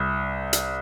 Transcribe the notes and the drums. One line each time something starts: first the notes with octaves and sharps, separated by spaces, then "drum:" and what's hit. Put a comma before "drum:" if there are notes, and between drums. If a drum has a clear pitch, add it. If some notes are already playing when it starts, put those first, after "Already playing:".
Already playing: C2
drum: hi-hat